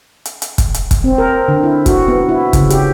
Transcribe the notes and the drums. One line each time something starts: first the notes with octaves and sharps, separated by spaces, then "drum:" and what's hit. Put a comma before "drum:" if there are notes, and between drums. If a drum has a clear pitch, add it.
drum: hi-hat
drum: hi-hat
drum: kick, hi-hat
drum: hi-hat
drum: kick, hi-hat
C4
A#4
D3
E4
F#4, drum: kick, hi-hat
B3
E4
C#3, drum: kick, hi-hat
G4, drum: hi-hat